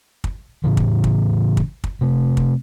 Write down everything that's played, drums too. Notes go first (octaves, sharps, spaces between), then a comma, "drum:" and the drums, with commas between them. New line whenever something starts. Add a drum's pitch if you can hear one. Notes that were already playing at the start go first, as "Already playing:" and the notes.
drum: kick
A2 C#3 E3
drum: kick
drum: kick
drum: kick
drum: kick
C3 A3
drum: kick